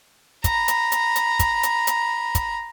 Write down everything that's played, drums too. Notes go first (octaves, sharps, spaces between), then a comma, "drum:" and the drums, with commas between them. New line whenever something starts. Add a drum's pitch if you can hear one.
A#5 B5, drum: kick, hi-hat
drum: hi-hat
drum: hi-hat
drum: hi-hat
drum: kick, hi-hat
drum: hi-hat
drum: hi-hat
drum: kick, hi-hat